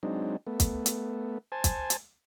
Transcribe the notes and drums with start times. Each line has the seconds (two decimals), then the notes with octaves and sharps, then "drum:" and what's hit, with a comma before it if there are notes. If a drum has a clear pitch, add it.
0.03 F#3 G#3 C4 D4 D#4
0.47 A3 B3
0.60 drum: kick, hi-hat
0.86 drum: hi-hat
1.52 C5 G#5 A5
1.64 drum: kick, hi-hat
1.90 drum: hi-hat